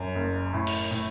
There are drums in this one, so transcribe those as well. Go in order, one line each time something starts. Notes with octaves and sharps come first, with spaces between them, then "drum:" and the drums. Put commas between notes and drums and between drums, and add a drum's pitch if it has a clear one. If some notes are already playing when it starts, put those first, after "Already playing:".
Already playing: F#2
F#1
A2
drum: cymbal
A2